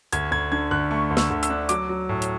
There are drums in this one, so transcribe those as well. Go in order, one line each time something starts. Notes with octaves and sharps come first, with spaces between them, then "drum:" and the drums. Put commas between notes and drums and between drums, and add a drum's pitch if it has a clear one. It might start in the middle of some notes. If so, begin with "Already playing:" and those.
D2 G#6, drum: hi-hat
D2 G#6
D3 G#6
D2 F#6
A3 C#6
D2
E6, drum: snare
D2
E6, drum: hi-hat
D4
F#3 D6, drum: hi-hat
F#3
A2
drum: hi-hat